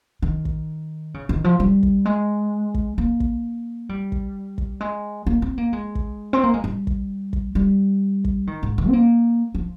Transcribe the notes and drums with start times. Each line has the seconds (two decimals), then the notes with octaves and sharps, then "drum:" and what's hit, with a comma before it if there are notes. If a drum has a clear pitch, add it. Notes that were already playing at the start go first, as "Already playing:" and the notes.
0.22 D#3
0.45 drum: kick
1.14 C#3
1.29 D#3
1.44 F3
1.60 G3
1.83 drum: kick
2.05 G#3
2.74 drum: kick
2.98 A#3
3.20 drum: kick
3.89 G3
4.12 drum: kick
4.58 drum: kick
4.80 G#3
5.27 A#3
5.42 C4
5.58 A#3
5.73 G#3
5.95 drum: kick
6.33 C4
6.43 A#3
6.54 G#3
6.64 G3
6.87 drum: kick
7.33 drum: kick
7.55 G3
8.24 drum: kick
8.47 D#3
8.63 G#2
8.78 D#3
8.88 C4
8.93 A#3
9.55 F3